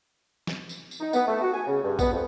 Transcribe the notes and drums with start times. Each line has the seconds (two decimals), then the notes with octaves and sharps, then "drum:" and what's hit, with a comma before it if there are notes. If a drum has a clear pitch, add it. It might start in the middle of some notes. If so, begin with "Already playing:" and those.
0.47 drum: snare
0.69 drum: tambourine
0.91 drum: tambourine
1.01 D#4
1.13 B3, drum: tambourine
1.27 A3
1.42 F#4
1.53 G#5
1.67 C#3
1.83 G2
1.99 B3, drum: kick A#1, tambourine
2.12 F2